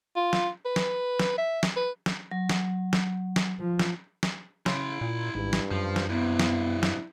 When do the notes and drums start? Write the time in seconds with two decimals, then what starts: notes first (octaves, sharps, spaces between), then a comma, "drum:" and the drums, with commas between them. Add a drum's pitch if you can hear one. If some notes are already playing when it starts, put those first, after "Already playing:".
0.16 F4
0.33 drum: snare
0.66 B4
0.76 drum: snare
1.19 drum: snare
1.38 E5
1.63 drum: snare
1.77 B4
2.06 drum: snare
2.31 F#3
2.49 drum: snare
2.93 drum: snare
3.36 drum: snare
3.60 F3
3.79 drum: snare
4.23 drum: snare
4.66 C#3 E4 C6, drum: snare
5.01 A#2
5.35 G#1 G2
5.53 drum: snare
5.71 F#2 F3
5.96 drum: snare
6.10 G2 C3 B3 E4
6.39 drum: snare
6.83 drum: snare